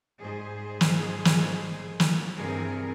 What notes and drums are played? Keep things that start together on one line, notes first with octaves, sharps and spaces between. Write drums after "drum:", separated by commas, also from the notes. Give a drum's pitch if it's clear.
G#2 G3 G#4 C5
drum: snare
drum: snare
drum: snare
G2 C3 E3 C4 G#4 A#4